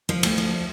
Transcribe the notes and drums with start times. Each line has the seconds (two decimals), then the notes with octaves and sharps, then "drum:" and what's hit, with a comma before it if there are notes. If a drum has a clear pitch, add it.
0.09 F3
0.23 D2, drum: cymbal
0.38 F3